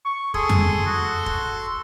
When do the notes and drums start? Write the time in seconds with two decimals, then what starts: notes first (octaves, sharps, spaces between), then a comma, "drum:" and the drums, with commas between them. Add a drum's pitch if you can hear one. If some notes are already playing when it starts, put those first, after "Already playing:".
0.05 C#6
0.34 G#4 A4 C6, drum: kick
0.49 drum: tom F2
0.86 F#4
1.26 drum: kick